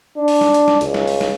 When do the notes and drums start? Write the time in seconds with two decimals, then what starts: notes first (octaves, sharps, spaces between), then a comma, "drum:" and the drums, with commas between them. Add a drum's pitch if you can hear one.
0.17 D4
0.28 drum: open hi-hat
0.41 drum: snare
0.54 drum: hi-hat
0.68 drum: snare
0.81 C#2, drum: hi-hat
0.94 drum: snare
1.08 drum: open hi-hat
1.21 drum: snare